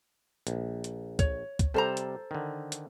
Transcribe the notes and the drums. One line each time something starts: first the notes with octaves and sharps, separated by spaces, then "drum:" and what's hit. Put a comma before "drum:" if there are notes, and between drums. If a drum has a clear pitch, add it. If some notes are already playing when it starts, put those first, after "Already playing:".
A#1, drum: hi-hat
drum: hi-hat
C#5, drum: kick, hi-hat
drum: kick, hi-hat
C3 G3 A4 C5 A#5
drum: hi-hat
D3 D#3
drum: hi-hat